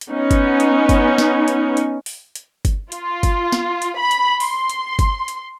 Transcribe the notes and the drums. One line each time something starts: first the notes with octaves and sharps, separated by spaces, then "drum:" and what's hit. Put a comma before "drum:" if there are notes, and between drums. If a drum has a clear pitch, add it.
drum: hi-hat
B3 C#4 D#4
drum: kick G1, hi-hat
drum: hi-hat
drum: kick G1, hi-hat
drum: snare
drum: hi-hat
drum: hi-hat
drum: open hi-hat
drum: hi-hat
drum: kick G1, hi-hat
F4, drum: hi-hat
drum: kick G1, hi-hat
drum: snare
drum: hi-hat
B5
drum: hi-hat
C6, drum: open hi-hat
drum: hi-hat
drum: kick G1, hi-hat
drum: hi-hat